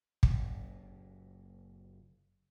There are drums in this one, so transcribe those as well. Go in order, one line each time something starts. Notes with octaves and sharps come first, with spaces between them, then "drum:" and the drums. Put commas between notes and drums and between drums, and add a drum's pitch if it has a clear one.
F#1 A#2, drum: kick